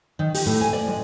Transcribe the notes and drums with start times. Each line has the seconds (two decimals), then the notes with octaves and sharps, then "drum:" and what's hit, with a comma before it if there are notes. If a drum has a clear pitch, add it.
0.19 D#3
0.34 G4, drum: open hi-hat
0.46 A2
0.61 G#5
0.73 D5
0.88 G#3